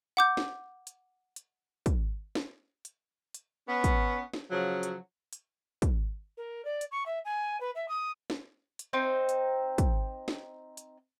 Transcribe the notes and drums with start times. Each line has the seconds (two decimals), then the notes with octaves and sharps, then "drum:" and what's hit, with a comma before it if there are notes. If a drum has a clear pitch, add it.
0.17 F#5 D6 G6
0.37 drum: snare
0.87 drum: hi-hat
1.36 drum: hi-hat
1.86 drum: kick, hi-hat
2.35 drum: snare
2.85 drum: hi-hat
3.34 drum: hi-hat
3.68 B3 C#4
3.84 drum: kick, hi-hat
4.33 drum: snare
4.51 C#3 F3 F#3
4.83 drum: hi-hat
5.33 drum: hi-hat
5.82 drum: kick, hi-hat
6.37 A#4
6.65 D5
6.81 drum: hi-hat
6.91 C#6
7.06 E5
7.25 G#5
7.60 B4
7.75 E5
7.88 D#6
8.30 drum: snare
8.79 drum: hi-hat
8.93 C4 D#4 C5
9.29 drum: hi-hat
9.78 drum: kick, hi-hat
10.28 drum: snare
10.77 drum: hi-hat